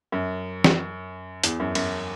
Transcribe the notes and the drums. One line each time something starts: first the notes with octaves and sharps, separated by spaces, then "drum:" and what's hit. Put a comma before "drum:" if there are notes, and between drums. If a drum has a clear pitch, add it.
F#2
drum: snare
E2, drum: hi-hat
F#2
F#2, drum: cymbal